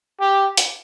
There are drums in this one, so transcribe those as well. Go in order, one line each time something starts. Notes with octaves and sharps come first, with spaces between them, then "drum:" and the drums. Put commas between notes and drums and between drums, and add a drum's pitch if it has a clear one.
G4
drum: hi-hat